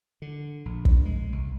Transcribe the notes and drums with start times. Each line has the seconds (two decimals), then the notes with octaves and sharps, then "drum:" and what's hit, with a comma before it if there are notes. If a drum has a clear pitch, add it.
0.22 D3
0.65 A#1
0.85 drum: kick
1.05 G#3
1.32 C2